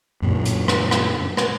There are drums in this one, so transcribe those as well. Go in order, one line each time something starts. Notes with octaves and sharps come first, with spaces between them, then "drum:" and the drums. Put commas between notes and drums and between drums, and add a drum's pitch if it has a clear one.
F#2 A#2 C#3
drum: hi-hat
drum: rim click
drum: rim click
drum: rim click